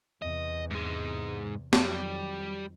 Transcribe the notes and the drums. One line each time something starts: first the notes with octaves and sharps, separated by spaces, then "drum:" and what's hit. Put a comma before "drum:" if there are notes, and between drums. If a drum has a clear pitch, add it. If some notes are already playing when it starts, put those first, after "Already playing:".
E2 C3 D#5
G#2 G#3
F2 D#3 F#3 G3, drum: snare